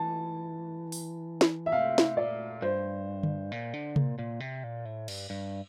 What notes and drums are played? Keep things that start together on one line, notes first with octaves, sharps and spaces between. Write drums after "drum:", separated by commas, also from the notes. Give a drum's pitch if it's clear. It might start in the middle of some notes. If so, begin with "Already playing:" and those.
Already playing: E3 A5
drum: open hi-hat
drum: snare
E5
C3 F5
drum: snare
A#2 D5
G2 C5
drum: tom D3
A#2
D3
A#2, drum: tom C3
A#2
C3
A#2
A2
G2, drum: cymbal
G2